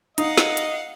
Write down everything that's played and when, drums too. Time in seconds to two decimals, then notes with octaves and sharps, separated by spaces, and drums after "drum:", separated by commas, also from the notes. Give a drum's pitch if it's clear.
0.18 D#4 D#5 F5 F#5, drum: hi-hat
0.38 drum: snare
0.57 drum: hi-hat